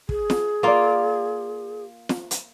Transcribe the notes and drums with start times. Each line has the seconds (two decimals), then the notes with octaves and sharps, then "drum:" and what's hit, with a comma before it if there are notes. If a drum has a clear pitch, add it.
0.09 G#4, drum: kick
0.30 drum: snare
0.63 A#3 F4 A#4 D5
2.09 drum: snare
2.31 drum: hi-hat